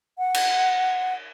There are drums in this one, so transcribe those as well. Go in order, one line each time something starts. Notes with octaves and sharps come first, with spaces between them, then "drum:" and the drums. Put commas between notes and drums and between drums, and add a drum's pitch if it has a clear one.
F#5
drum: cymbal